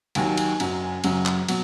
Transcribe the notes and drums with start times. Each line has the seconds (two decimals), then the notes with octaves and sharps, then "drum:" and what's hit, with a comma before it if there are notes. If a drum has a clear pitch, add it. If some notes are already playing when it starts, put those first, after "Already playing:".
0.15 D#2 D#3 F#3 G#5, drum: cymbal
0.37 G#5, drum: cymbal
0.60 F#1 F#2 F#3, drum: cymbal
0.81 G#5
1.04 F#1 F#2 C#3 F#3, drum: cymbal
1.26 drum: clap
1.49 B2 F#3, drum: cymbal